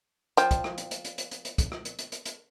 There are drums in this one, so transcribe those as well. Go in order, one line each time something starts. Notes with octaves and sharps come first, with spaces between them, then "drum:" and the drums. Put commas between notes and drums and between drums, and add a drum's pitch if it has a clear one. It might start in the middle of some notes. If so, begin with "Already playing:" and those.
F3 G5, drum: hi-hat
drum: kick, hi-hat
drum: rim click
drum: hi-hat
drum: hi-hat
drum: hi-hat
drum: hi-hat
drum: hi-hat
drum: hi-hat
drum: kick, hi-hat
drum: rim click
drum: hi-hat
drum: hi-hat
drum: hi-hat
drum: hi-hat